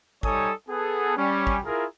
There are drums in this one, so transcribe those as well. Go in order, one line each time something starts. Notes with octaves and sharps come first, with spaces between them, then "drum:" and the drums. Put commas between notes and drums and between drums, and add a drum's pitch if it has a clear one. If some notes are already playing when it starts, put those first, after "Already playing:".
G3 D#4 A4 C#5 G#5 D#6, drum: kick
B3 G#4 A4
G3 C#4
drum: kick
E4 F4 G#4 A#4